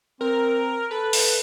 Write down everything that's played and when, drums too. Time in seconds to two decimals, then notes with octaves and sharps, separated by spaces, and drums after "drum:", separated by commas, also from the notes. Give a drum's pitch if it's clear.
0.21 C4 A#4
0.91 A4 B4
1.13 drum: open hi-hat